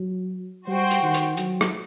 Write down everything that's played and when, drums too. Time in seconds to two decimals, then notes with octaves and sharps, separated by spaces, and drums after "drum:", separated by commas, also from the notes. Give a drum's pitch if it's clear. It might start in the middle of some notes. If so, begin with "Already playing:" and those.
Already playing: F#3
0.67 G3 F#4 C5 G5
0.91 drum: hi-hat
1.02 D#3
1.14 drum: hi-hat
1.37 F#3, drum: hi-hat
1.61 drum: rim click